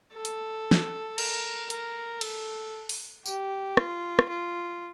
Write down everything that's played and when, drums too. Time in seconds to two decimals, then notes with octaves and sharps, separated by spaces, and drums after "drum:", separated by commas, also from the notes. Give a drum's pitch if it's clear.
0.14 A4
0.25 drum: hi-hat
0.71 drum: snare
1.18 A#4, drum: cymbal
1.70 A#4, drum: hi-hat
2.21 A4, drum: cymbal
2.89 drum: open hi-hat
3.26 G4, drum: tambourine
3.77 F4, drum: rim click
4.19 drum: rim click
4.29 F4